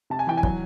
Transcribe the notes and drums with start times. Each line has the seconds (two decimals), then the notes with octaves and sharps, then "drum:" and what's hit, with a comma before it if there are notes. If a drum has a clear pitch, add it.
0.10 C3 A5
0.19 G#5
0.27 E3 G5
0.37 G#5
0.43 F#3, drum: kick